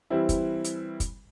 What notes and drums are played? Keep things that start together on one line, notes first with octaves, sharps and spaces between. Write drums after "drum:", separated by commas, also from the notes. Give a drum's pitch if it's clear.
E3 G3 C4 E4
drum: kick, hi-hat
drum: hi-hat
drum: kick, hi-hat